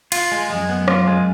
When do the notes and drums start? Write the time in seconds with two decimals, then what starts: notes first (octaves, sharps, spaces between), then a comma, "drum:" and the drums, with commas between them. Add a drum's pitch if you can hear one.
0.12 F4, drum: cymbal
0.32 G#3
0.50 F#2 G#3
0.69 B3
0.88 F4, drum: rim click
1.07 G#3